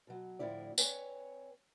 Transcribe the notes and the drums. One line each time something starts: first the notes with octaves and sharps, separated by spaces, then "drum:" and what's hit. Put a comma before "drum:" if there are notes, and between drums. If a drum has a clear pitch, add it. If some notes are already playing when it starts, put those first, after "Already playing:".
B2 F#3
D2 A2 C#3 F3 E4 D5
C4 B4 C#5 G#5, drum: tambourine